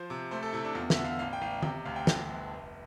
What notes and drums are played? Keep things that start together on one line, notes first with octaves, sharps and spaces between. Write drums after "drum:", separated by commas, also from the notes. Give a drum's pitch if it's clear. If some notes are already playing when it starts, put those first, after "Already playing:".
Already playing: F3 C5
C3
A3 C5
A4
C3 E4
D4
E2 F4
E5, drum: snare
D3
F5
A1 F5
G5
A1 F5
C3 G5, drum: tom D#3
D2 F5
G5
G2 G5, drum: snare
G1
F1